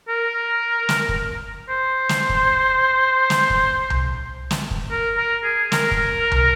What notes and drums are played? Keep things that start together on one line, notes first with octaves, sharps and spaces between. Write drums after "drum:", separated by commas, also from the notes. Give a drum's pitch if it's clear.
A#4
drum: snare
drum: kick
C5
drum: snare
drum: kick
drum: snare
drum: kick
drum: tom C2
drum: snare
drum: kick
A#4
A#4
G#4
A#4, drum: snare
drum: kick
drum: tom C2